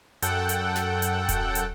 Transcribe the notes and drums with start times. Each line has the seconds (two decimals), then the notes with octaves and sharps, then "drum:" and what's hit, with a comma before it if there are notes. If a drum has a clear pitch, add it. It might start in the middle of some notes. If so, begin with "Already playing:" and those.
0.22 F#2 A4 F#5 G5, drum: hi-hat
0.49 drum: hi-hat
0.76 drum: snare
1.02 drum: hi-hat
1.29 drum: kick D#1, hi-hat
1.55 drum: hi-hat